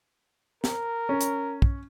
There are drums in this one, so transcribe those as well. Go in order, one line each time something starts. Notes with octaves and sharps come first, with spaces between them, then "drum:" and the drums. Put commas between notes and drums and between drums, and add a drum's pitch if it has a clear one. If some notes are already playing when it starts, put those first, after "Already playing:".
A#4, drum: snare
C#4
drum: hi-hat
drum: kick